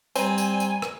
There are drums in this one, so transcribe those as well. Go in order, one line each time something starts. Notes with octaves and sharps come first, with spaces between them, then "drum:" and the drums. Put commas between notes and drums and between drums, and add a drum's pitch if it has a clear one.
G3 C4 C5 G#5 A#5 B5, drum: tambourine
drum: tambourine
drum: tambourine
drum: rim click